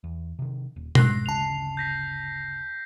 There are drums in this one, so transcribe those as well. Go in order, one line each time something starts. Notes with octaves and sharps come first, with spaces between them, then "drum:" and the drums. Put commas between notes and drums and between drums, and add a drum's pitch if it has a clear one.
E2
C3 D#3
D#1
F1 G#2 G#3 F#6 A#6 C7, drum: tom B2
G1 D2 C#3 A5 F7
G6 A#6 B6